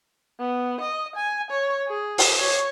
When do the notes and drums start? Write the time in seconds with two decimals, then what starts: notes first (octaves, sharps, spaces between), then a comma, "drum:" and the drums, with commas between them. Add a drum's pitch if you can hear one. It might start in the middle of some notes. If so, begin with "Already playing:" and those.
0.39 B3
0.80 D#5
1.15 G#5
1.50 C#5
1.87 G#4
2.18 drum: open hi-hat
2.37 C#5